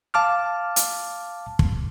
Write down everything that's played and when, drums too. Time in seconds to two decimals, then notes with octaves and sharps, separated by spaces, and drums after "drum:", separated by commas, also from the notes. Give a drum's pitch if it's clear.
0.14 F5 A5 D6 F6
0.76 drum: hi-hat
1.59 drum: kick